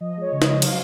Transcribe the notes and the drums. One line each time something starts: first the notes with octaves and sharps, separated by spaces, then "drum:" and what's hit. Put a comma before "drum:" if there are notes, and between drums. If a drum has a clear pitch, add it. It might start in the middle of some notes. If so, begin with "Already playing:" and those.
F3 D#5
G#3 C#5
C#3
D#5, drum: snare
C#3
F#3 F5, drum: cymbal